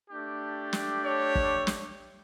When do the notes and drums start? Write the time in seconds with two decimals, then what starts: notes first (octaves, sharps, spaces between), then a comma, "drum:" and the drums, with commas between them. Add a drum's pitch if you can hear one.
0.10 A3 D4 G4
0.73 drum: snare
1.04 C#5
1.35 drum: kick
1.67 drum: snare